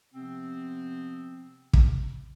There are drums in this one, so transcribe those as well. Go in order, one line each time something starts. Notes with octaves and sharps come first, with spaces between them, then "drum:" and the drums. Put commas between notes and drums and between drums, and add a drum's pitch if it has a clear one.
C3 F3 B3 C4
drum: kick